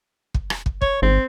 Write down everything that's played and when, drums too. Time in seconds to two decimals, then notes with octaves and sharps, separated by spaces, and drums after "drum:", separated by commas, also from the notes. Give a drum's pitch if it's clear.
0.34 drum: kick
0.50 drum: rim click
0.66 drum: kick
0.82 C#5, drum: kick
1.02 G#1 C4